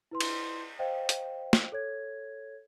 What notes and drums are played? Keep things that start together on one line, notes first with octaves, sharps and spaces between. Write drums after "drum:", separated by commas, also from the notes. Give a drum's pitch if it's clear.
E4 B4 C6
drum: cymbal
C5 D#5 F5 G5
drum: hi-hat
drum: snare
A4 C#5 G#6